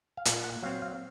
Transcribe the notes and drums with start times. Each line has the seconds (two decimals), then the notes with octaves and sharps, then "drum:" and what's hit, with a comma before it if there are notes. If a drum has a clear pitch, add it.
0.17 F5
0.25 A#2 F#5, drum: hi-hat
0.44 F#5
0.63 F#3 C4 F5
0.82 F5